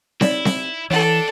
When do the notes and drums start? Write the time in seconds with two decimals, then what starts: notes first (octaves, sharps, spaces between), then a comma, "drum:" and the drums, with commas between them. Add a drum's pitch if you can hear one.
0.21 D#4 E4 C#5 D5, drum: snare C4
0.45 drum: snare C4
0.91 E3 D4 A4 C#5 F#5